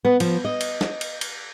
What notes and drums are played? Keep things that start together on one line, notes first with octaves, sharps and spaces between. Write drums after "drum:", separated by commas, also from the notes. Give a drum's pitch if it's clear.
B3
F3, drum: cymbal
D#5
drum: cymbal
drum: snare
drum: cymbal
drum: cymbal